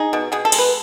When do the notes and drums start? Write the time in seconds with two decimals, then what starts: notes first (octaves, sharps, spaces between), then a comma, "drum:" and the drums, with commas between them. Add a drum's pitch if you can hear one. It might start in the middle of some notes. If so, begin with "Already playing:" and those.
Already playing: D#4 G#4
0.13 B2
0.32 B2 G#4
0.45 A4
0.52 G#3, drum: cymbal
0.59 B4